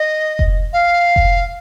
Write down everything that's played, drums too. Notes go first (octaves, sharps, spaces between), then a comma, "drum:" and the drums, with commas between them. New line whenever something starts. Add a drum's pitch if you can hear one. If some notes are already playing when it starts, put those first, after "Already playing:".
Already playing: D#5
drum: kick F1
F5
drum: kick F1